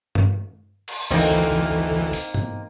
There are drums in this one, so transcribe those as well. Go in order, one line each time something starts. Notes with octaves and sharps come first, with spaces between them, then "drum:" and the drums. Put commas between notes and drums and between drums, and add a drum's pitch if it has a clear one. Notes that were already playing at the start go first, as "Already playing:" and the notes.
drum: tom G2
drum: cymbal
D2 E3 A#3 C4 D#4 A4, drum: tambourine
drum: open hi-hat
drum: tom G#2